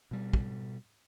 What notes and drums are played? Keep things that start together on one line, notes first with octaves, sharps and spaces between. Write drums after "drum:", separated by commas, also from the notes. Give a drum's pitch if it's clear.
B2 G3
drum: kick